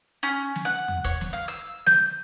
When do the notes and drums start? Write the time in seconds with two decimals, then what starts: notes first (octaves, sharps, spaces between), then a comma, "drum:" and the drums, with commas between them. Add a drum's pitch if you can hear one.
0.23 C#4
0.56 drum: snare
0.65 F#5
0.88 drum: tom E2
1.04 C#5, drum: kick
1.21 drum: snare
1.33 F5
1.48 E6
1.87 G6, drum: snare